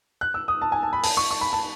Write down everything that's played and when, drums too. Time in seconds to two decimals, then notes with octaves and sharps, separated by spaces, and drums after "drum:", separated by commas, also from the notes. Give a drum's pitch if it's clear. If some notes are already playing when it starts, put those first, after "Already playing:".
0.21 F#6
0.34 E6
0.48 D#6
0.62 A5
0.72 G#5
0.83 A5
0.93 B5
1.03 A5, drum: open hi-hat
1.17 C#6
1.31 C#6
1.41 B5
1.53 A5